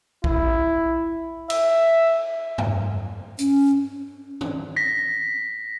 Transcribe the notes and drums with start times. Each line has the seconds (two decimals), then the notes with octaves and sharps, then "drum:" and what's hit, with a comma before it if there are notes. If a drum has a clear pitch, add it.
0.24 E4, drum: kick A#1
1.50 E5, drum: cymbal
2.58 drum: tom F2
3.39 C#4, drum: hi-hat
4.41 drum: tom
4.76 A#6 B6